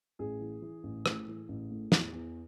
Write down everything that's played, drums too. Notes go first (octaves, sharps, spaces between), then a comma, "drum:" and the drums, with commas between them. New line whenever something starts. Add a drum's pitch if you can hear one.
A1 G#4
E3
E3
A1
A2, drum: rim click
E3
A1
A2
E2, drum: snare
E2